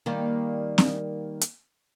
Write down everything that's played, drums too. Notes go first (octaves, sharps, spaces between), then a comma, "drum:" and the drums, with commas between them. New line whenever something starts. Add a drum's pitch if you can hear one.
D#3 G3 A#3
drum: snare C4
drum: hi-hat